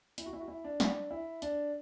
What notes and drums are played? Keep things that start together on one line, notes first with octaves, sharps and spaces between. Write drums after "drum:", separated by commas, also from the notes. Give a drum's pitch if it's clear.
E4, drum: hi-hat
F#4
E4
F#4
E4
D4
drum: snare
E4
D4, drum: hi-hat